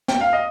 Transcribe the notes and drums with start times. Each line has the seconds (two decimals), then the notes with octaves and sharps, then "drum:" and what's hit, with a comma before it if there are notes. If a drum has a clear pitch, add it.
0.08 G5, drum: snare
0.21 F5
0.33 D#5